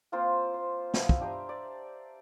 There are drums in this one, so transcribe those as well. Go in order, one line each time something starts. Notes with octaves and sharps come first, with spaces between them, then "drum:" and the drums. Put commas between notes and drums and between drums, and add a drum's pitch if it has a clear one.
A#3 C4 F4 C5
C5
F3 B3 E5 D#6, drum: snare
drum: kick
D4 G4 C5 A#5
D5